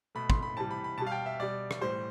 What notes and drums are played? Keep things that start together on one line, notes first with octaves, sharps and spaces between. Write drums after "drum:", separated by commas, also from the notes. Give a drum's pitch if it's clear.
B2 A3 B5
C6, drum: kick
B5
C3 E3 G3 A5
B5
B5
B2 G3 A5
F5
G5
E5
B2 G3 D5
drum: rim click
A2 E3 G3 C5